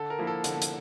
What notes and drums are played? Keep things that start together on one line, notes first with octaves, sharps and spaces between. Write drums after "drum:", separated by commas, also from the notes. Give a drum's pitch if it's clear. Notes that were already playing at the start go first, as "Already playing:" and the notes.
Already playing: D3 A4
A#4
F3 A#3 E4
A4
D3, drum: hi-hat
drum: hi-hat